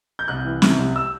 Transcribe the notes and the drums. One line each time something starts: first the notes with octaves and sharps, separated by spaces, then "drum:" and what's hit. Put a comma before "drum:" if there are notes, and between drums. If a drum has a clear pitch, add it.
G6
C2 F#6
E3
C3 F#6, drum: snare
C2
E6